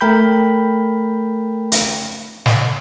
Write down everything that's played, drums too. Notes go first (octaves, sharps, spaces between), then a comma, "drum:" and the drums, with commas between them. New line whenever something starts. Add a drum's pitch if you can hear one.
A3 A#4 G5 B5 G6
drum: hi-hat
drum: snare